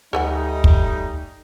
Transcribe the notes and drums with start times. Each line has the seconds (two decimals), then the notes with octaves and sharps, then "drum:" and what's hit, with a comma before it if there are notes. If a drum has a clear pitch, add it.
0.13 D2 G3 A3 D#4 A4 B4 F#5 G#5
0.64 drum: kick